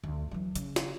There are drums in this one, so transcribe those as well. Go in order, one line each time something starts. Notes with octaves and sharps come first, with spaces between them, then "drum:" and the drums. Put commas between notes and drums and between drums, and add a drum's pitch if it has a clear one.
D2
E3 F#3
C#3, drum: hi-hat
drum: snare